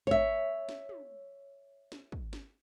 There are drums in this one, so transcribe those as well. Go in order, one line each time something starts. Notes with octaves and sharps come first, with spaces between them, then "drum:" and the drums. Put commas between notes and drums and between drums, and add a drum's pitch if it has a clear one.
C#5 E5, drum: kick
drum: snare
drum: tom
drum: snare
drum: kick
drum: snare